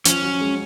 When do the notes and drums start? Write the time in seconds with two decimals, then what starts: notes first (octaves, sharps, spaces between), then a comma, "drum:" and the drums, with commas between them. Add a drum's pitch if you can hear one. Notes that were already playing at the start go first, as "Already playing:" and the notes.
0.05 F3 C#4, drum: hi-hat
0.22 F#3
0.40 G#3